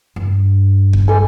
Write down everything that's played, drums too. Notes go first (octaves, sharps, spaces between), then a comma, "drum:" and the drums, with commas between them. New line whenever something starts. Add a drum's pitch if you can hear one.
G2
drum: kick
A4 G#5